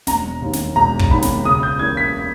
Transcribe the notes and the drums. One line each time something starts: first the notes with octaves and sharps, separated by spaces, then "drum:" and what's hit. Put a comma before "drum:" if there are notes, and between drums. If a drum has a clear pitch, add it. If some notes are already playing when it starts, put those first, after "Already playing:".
E1 A#5, drum: snare
D#2 D#3
drum: snare
E1 A#5
drum: kick
D#2 D#3 B5
drum: snare
C#2 D#6
G6
C#3 E3 A#3 G#6
B6